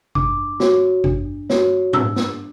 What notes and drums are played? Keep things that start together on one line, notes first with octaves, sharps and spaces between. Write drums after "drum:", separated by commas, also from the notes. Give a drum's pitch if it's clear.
D4 D6, drum: kick G#1
F#4 C#5, drum: snare
D4, drum: kick G#1
F#4 C#5, drum: snare
D4 E6, drum: tom G#2
drum: snare